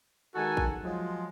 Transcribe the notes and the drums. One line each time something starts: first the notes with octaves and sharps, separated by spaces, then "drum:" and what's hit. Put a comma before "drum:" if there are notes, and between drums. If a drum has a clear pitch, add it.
D#3 G#3 D#4 F#4 A4 G#5
drum: kick
F3 F#3 G#3